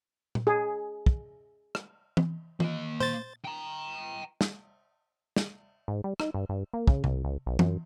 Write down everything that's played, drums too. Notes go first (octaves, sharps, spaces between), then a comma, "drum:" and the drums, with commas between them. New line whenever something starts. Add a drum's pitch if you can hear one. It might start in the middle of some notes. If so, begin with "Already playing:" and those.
drum: tom A#2
G#4
drum: kick
drum: rim click
drum: tom E3
A#3 D#5, drum: tom E3
C5 A6, drum: tom A#2
G5 A#5
drum: snare
drum: snare
G#2
G3
D#4, drum: rim click
G2
G2
A#3
C#3, drum: kick
C2, drum: tom C3
C#2
B1
F#2, drum: tom E3